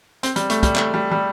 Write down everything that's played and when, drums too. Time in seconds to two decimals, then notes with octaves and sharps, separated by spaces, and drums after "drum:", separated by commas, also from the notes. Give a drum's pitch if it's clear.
0.23 C4, drum: hi-hat
0.36 G3, drum: hi-hat
0.50 A3, drum: hi-hat
0.63 G3, drum: kick, hi-hat
0.76 A3, drum: clap
0.94 G3
1.11 G3